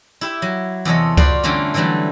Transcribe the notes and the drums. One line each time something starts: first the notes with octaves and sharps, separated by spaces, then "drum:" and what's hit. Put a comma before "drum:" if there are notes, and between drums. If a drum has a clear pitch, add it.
E4 G4 E5
F#3
E2 C3 A4 C#5 D#5
F4 F#4 B4 C5 D5, drum: kick C#2
D3 G3 A3 A#3 C4 C#4
D3 E3 F#3 G3 A3